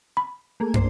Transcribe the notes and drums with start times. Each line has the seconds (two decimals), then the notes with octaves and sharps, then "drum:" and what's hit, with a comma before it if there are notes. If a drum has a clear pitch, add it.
0.17 B5
0.60 A3 A#3 G#4
0.74 D4 C5, drum: tom